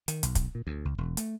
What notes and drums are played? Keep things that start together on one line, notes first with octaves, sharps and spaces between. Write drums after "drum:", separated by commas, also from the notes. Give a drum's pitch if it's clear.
D#3, drum: hi-hat
B1, drum: hi-hat
drum: kick, hi-hat
A#2
D2
C#2
E1
A3, drum: hi-hat